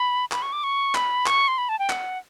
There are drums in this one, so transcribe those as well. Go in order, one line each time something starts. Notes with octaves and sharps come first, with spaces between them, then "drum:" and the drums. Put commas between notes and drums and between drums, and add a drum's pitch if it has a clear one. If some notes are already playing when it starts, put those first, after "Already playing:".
Already playing: B5
B5, drum: clap
C#6
D6
C#6
B5, drum: clap
C#6, drum: clap
C6
B5
A5
G5
F#5, drum: clap